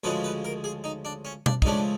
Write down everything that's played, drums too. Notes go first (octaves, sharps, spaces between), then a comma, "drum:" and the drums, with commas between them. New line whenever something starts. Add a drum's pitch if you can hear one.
D2 C#3 F3 G#3 B4
B4
A#4
G#4
D#4
D4
C#4
D4, drum: tom B2
D#4, drum: kick
C#2 C#3 F3 A3 D4